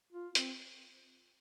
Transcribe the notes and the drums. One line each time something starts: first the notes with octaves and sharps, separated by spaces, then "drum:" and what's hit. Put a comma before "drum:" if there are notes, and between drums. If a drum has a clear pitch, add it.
F4
C4, drum: hi-hat